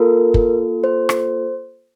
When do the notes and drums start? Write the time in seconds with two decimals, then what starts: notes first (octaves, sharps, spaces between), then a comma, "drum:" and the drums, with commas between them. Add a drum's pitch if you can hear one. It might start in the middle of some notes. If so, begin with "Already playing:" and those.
Already playing: A#3 F4 A4 A#4
0.34 drum: kick
0.84 C5
1.09 drum: rim click